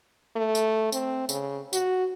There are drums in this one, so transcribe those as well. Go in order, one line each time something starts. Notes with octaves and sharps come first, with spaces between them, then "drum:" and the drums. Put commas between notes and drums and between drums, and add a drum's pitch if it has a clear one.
A3
drum: tambourine
C4, drum: tambourine
C#3, drum: tambourine
F#4, drum: tambourine